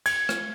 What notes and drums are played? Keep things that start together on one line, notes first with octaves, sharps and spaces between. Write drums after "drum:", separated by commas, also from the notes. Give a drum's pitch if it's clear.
G#6, drum: cymbal
drum: rim click